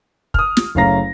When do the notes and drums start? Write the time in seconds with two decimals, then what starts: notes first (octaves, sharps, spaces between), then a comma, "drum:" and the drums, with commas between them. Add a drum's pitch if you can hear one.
0.34 D#6 F6, drum: kick
0.57 drum: snare
0.75 F#1 A3 C#4 F5 A#5 A#6